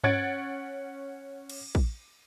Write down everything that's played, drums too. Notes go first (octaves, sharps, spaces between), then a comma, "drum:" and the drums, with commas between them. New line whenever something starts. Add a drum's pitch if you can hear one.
C#4 C#5 F#5 G#6 A6 D7, drum: tom G2
drum: cymbal
drum: kick